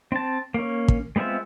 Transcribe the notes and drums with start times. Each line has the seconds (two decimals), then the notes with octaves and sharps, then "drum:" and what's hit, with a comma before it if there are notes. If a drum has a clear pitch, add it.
0.12 C4 A5
0.54 A#3 C#4
0.88 drum: kick
1.16 G#3 B3 C4 F4 E5